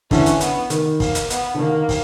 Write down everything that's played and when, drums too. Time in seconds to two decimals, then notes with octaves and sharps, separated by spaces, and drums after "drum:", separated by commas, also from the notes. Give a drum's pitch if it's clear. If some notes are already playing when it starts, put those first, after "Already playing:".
0.11 D3 E3 C#4, drum: kick, open hi-hat
0.26 drum: hi-hat
0.41 B3, drum: hi-hat
0.70 D#3, drum: hi-hat
1.00 A#3, drum: kick, open hi-hat
1.15 drum: hi-hat
1.30 B3, drum: hi-hat
1.54 D3
1.59 D#3 A#3
1.89 drum: kick, open hi-hat